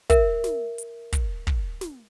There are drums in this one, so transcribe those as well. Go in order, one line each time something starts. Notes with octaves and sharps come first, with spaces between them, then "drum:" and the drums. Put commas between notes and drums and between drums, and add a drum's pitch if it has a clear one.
A#4 E5, drum: kick, hi-hat
drum: snare
drum: hi-hat
drum: kick, hi-hat
drum: kick
drum: snare